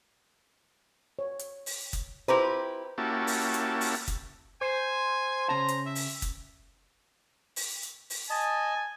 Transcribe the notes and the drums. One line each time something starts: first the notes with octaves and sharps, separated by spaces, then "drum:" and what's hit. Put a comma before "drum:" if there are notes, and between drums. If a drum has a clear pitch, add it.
C#5
drum: hi-hat
drum: open hi-hat
drum: kick F#1, hi-hat
E4 G4 B4 C5 A#5 D6
A#3 C#4 E4 F#4 G4 A5
drum: open hi-hat
drum: hi-hat
drum: open hi-hat
drum: kick F#1, hi-hat
C5 G#5
C#3 A5 A#5
drum: hi-hat
E5
drum: open hi-hat
drum: kick F#1, hi-hat
drum: open hi-hat
drum: hi-hat
drum: open hi-hat
D#5 G#5 A5